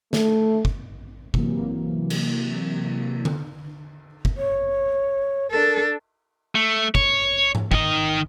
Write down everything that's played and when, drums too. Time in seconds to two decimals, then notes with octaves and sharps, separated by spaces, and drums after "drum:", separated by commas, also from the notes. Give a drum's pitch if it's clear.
0.13 A3, drum: snare
0.65 drum: kick
1.34 C3 E3 F#3 A#3, drum: kick
2.10 drum: cymbal
3.25 drum: tom D3
4.25 drum: kick
4.37 C#5
5.51 D4 A4 A#4
6.55 A3
6.95 C#5, drum: kick
7.55 drum: tom G#2
7.72 D#3 D#5, drum: kick